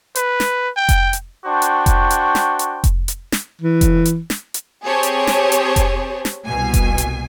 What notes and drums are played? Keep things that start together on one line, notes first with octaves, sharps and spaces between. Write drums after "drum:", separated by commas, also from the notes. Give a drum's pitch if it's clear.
B4, drum: hi-hat
drum: snare
G5
drum: kick F1, hi-hat
drum: hi-hat
D4 F#4 C5 G5 C#6
drum: hi-hat
drum: kick F1, hi-hat
drum: hi-hat
drum: snare
drum: hi-hat
drum: kick F1, hi-hat
drum: hi-hat
drum: snare
E3
drum: kick F1, hi-hat
drum: hi-hat
drum: snare
drum: hi-hat
C4 G4 G#4 C5 C#5 A5
drum: hi-hat
drum: snare
drum: hi-hat
drum: kick F1, hi-hat
drum: snare
C2 B2 G#5
drum: kick F1, hi-hat
drum: hi-hat